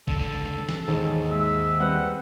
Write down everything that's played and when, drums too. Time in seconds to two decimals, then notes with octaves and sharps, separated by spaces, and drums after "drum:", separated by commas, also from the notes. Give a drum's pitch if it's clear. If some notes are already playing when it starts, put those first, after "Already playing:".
0.08 C#2 D3 A4, drum: kick
0.69 drum: snare
0.88 E1 D#2 G#2
1.30 G#3 E5
1.80 G3 C4 B4 F#5